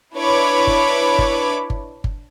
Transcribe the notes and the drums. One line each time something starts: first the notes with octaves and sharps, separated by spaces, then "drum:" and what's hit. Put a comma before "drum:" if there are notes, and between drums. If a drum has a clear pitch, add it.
D4 E4 B4 C#5 B5 D6
drum: kick G1
drum: kick G1
drum: kick G1
drum: kick G1